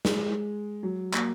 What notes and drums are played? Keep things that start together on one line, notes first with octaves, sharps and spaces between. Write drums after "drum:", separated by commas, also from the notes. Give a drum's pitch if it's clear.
G#3, drum: snare
F#3
A#3, drum: clap